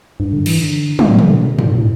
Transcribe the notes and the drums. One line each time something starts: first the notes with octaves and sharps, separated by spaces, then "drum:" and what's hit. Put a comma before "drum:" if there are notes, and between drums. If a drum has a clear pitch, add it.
G2
D3
E3, drum: cymbal
D3
D3, drum: tom
A2
B2, drum: tom
D3
B2
A2, drum: tom
A2